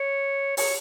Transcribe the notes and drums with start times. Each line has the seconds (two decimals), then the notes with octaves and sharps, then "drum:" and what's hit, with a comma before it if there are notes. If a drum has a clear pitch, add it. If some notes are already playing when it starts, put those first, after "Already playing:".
Already playing: C#5
0.57 C#5, drum: open hi-hat